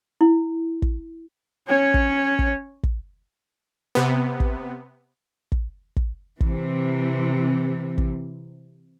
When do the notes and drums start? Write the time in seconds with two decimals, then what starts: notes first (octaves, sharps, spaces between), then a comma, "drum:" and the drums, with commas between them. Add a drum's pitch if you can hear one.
0.21 E4
0.82 drum: kick
1.67 C#4 C#5
1.94 drum: kick
2.39 drum: kick
2.83 drum: kick
3.95 C3 B3
4.40 drum: kick
5.52 drum: kick
5.96 drum: kick
6.40 C3 E3, drum: kick
7.98 drum: kick